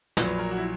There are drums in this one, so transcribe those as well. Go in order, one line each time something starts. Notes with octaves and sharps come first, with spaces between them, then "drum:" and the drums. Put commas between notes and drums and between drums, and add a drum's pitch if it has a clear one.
A#1 A#2 F#3 B4, drum: snare
B4
A#4
F#4
E4